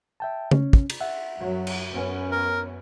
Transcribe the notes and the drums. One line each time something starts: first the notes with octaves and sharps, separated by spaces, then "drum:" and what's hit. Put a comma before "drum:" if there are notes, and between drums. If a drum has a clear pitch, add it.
E5 G5 A5
C#4, drum: tom C#3
drum: kick
drum: cymbal
E5 F#5
F#2 F#3
drum: cymbal
F#2 B3 C#4
A#4